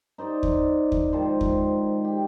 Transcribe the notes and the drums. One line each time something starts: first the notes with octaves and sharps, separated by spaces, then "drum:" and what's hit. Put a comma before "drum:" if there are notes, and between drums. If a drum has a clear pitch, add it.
D#4 C5 D5 D#5
drum: kick
drum: kick
G#2 D#3 F3 C5
drum: kick
G4